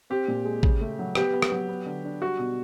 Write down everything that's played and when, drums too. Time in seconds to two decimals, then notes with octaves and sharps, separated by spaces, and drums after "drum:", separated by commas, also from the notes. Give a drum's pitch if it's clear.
0.10 C4 G4
0.28 A#2
0.45 G#3
0.63 C#3, drum: kick
0.81 A3
0.99 F#3
1.15 B3 G4, drum: rim click
1.33 B3
1.42 drum: rim click
1.52 F#3
1.68 B3
1.86 D3
2.05 D4
2.21 G3 F#4
2.39 B2